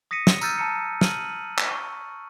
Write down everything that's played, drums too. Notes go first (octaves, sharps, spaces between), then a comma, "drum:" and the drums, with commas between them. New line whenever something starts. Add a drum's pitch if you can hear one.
D#6 A#6 B6 C#7 D#7
drum: snare
A#5 E6 F6 G6 A6 D#7, drum: tambourine
A5 A#5 C#7
F6 D#7 F#7, drum: snare
drum: clap
C#6